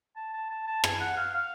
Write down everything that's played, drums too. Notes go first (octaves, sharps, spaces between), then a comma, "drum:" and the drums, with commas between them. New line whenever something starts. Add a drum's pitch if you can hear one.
A5
A5
A5
A5
G#5, drum: rim click
F#5
F5
F5